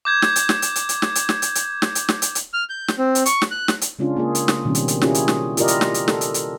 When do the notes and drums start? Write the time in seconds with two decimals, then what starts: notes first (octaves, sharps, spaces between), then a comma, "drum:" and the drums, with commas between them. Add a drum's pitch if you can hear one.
0.05 D6 G6 G#6
0.22 drum: snare
0.36 drum: hi-hat
0.49 drum: snare
0.62 drum: hi-hat
0.76 drum: hi-hat
0.89 drum: hi-hat
1.02 drum: snare
1.15 drum: hi-hat
1.29 drum: snare
1.42 drum: hi-hat
1.55 drum: hi-hat
1.82 drum: snare
1.95 drum: hi-hat
2.09 drum: snare
2.22 drum: hi-hat
2.35 drum: hi-hat
2.54 F6
2.69 G6
2.88 drum: snare
2.98 C4
3.15 drum: hi-hat
3.26 C#6, drum: hi-hat
3.42 drum: snare
3.51 F#6
3.68 drum: snare
3.81 drum: hi-hat
3.99 C#3 G#3 C#4 D4 F4
4.17 A#3 F4 G#4
4.35 drum: hi-hat
4.48 drum: snare
4.65 B2 D#3 G3 C4 C#4
4.75 drum: hi-hat
4.88 drum: hi-hat
5.01 C#4 E4 F4 G4 G#4, drum: snare
5.15 drum: hi-hat
5.28 drum: snare
5.57 E4 F4 G4 A#4 D5 D#5, drum: hi-hat
5.68 drum: hi-hat
5.81 drum: snare
5.94 drum: hi-hat
6.08 A4, drum: snare
6.21 drum: hi-hat
6.34 drum: hi-hat